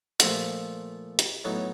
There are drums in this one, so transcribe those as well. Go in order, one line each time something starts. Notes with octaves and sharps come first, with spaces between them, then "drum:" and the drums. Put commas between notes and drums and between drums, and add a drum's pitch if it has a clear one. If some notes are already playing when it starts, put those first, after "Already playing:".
A#2 F3 A3, drum: hi-hat
drum: hi-hat
A2 F#3 B3 D#4 F#4